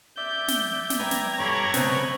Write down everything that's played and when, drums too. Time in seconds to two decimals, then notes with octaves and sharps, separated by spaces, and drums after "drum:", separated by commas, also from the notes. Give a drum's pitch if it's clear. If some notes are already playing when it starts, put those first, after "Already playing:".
0.17 D5 E5 G6
0.48 drum: snare
0.90 drum: snare
1.00 B4 G5 A#5 G#6
1.11 drum: snare
1.40 G2 A4 C#5 B5 D6
1.74 C#3 C4 B4 D#5 G5 A5, drum: snare